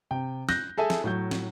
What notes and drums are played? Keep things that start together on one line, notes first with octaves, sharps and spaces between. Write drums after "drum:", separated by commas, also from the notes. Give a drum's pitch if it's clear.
C3 G5
F#6 G6 A#6, drum: snare
G#4 A4 E5 G#5
drum: snare
A2 F#3 G6
drum: snare